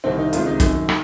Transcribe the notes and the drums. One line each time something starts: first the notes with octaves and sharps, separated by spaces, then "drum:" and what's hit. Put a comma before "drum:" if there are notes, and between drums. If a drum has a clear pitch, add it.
C2 C3 D#3 C4
D#4
C#2 C3 D#3 F4, drum: hi-hat
D#4
F#2 D#3, drum: kick, hi-hat
D#3, drum: rim click